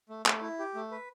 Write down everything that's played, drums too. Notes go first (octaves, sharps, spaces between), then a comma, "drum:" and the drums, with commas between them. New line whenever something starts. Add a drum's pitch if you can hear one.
A3
A3, drum: clap
E4
G4
A3
B4